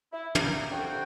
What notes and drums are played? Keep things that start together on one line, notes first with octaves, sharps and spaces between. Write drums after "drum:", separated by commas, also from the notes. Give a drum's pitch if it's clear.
E4
C3 A#3, drum: tom
C2 F2 D3 G3 F#4 G5